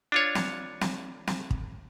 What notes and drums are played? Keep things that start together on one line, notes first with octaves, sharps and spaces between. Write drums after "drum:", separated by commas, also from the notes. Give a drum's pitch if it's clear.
D4 F4 C#5
drum: snare
drum: snare
drum: snare
drum: kick